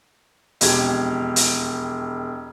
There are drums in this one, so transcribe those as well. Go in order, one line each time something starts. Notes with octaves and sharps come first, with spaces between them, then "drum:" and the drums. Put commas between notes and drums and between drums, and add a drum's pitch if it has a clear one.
E1 F2 G4 G#6, drum: hi-hat
drum: hi-hat